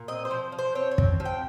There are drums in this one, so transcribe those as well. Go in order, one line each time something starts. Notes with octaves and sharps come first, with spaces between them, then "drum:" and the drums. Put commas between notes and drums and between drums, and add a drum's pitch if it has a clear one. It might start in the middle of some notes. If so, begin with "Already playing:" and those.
Already playing: A#2
C4 D#5
C5
F3
F3
C5
C4 C#5
C#5
C4, drum: kick
F3
G5